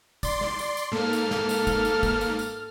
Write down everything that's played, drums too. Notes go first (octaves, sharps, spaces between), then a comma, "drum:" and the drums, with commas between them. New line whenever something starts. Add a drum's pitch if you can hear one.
D5 C6, drum: kick, tambourine
drum: snare
drum: tambourine
drum: tambourine
G#2 A#3 A4 F6
drum: tambourine
drum: snare
drum: tambourine
drum: kick, tambourine
drum: tambourine
drum: kick, tambourine
drum: tambourine
drum: tambourine